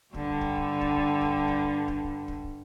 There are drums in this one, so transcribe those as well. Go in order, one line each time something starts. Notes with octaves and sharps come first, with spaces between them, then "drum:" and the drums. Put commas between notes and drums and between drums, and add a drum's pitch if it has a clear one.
G2 D3 G3, drum: kick
drum: kick
drum: kick
drum: kick
drum: kick
drum: kick
drum: kick